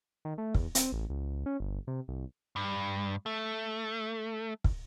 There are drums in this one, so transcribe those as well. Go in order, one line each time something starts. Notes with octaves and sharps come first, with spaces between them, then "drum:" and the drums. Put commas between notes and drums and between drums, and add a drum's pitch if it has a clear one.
D#3
A3
E2, drum: kick
C4, drum: hi-hat
A1
C#2
C#4
G1
C3
C2
G2
A3
drum: kick